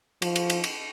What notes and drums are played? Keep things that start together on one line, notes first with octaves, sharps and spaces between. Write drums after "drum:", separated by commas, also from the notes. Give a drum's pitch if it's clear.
F3, drum: cymbal
drum: cymbal
drum: cymbal
drum: cymbal